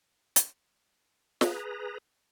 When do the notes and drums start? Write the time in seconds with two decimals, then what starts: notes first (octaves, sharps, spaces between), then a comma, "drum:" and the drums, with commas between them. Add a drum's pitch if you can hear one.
0.36 drum: hi-hat
1.41 G#4 B4 A#5, drum: snare